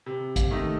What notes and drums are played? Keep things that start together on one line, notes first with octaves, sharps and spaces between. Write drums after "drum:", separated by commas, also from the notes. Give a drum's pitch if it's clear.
C3
drum: kick, hi-hat
D#3 A3 D#4